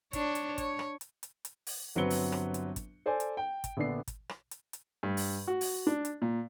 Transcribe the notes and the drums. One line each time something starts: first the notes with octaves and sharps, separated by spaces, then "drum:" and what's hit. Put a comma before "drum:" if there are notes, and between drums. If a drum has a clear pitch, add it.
D4 C#5, drum: kick, hi-hat
drum: hi-hat
C#5, drum: kick, hi-hat
drum: rim click
drum: hi-hat
drum: hi-hat
drum: hi-hat
drum: open hi-hat
G1 F#3 C4 B4 C#7 G7
drum: open hi-hat
drum: rim click
drum: hi-hat
drum: kick, hi-hat
A4 C5 D5 G#5
drum: hi-hat
G5
drum: kick, hi-hat
A#1 D3 B3 D4 C7
drum: kick, hi-hat
drum: rim click
drum: hi-hat
drum: hi-hat
G2
drum: open hi-hat
F#4
drum: open hi-hat
D4
drum: hi-hat
A#2